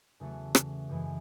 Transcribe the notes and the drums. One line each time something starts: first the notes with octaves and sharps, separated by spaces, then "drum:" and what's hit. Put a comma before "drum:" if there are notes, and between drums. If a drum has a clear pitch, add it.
E2 C#3 F#3 A3 F#4
drum: rim click
F#2 E3 G#3